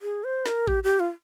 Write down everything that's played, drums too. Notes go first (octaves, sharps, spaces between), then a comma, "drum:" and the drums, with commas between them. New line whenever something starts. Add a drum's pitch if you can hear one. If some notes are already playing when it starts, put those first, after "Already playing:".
G#4
C5
A#4, drum: snare
G4, drum: kick A1
G4
F4